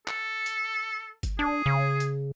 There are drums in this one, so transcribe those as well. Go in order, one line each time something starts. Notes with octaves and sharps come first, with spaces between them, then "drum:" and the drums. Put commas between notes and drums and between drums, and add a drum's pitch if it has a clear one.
A4, drum: clap
drum: hi-hat
drum: kick G1, hi-hat
D4 G#4
C#3
drum: hi-hat